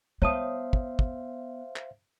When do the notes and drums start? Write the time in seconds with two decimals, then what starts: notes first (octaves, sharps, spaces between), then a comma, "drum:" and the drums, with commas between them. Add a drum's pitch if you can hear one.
0.22 B3 C5 C#5 E5 F5 A5 D#6
0.73 drum: kick
0.99 drum: kick
1.76 drum: clap